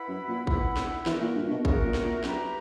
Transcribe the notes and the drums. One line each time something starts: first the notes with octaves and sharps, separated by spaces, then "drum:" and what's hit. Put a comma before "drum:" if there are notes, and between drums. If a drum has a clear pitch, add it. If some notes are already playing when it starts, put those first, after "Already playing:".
Already playing: E4 B4 F#5 B5
F#2
A#2
E4 B4 F#5 B5, drum: kick
drum: snare
E3 F#4 A#4 E5, drum: snare
A#2
G2
B2
C#3 F#4 A#4 E5, drum: kick
A#2
drum: snare
A#2
F#2 G4 B4 E5 A#5, drum: snare